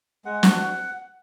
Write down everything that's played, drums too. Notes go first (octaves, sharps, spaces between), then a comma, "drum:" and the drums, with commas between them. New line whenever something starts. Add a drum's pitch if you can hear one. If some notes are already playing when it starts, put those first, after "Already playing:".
G#3 F#5
D4 F#4, drum: snare